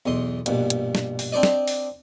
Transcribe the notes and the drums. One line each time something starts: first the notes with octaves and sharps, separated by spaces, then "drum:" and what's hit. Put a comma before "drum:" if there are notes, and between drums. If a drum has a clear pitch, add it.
B1 E2 D#5 C6
A#1 G2 B2, drum: hi-hat
drum: hi-hat
drum: snare
drum: open hi-hat
C4 D4 C5 D5 D#5
drum: snare
drum: open hi-hat